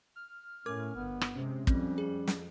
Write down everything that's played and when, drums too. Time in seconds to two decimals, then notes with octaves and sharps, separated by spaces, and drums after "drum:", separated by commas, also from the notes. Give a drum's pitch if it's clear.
0.16 F6
0.66 A2 C#4 A#4 D6 G#6
0.95 G1 B3
1.21 drum: rim click
1.35 C3 G#3 C#4
1.67 F2 G3 C4, drum: kick
1.98 G#4
2.27 drum: snare